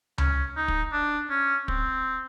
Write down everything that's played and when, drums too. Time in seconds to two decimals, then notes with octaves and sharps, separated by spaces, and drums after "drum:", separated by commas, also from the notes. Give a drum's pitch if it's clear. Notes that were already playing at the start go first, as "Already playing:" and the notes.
0.18 C#4, drum: tom C#2
0.56 D#4
0.68 drum: kick
0.93 D4
1.30 C#4
1.68 C4, drum: kick